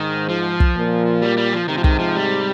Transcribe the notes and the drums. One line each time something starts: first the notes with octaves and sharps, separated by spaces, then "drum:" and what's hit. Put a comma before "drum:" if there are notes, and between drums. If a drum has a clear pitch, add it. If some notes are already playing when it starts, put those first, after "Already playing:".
Already playing: G#2 D#3
F3
drum: kick
A#2
G3
G3
F3
G#2 C3 D#3
F3
D#3, drum: kick
F3
G3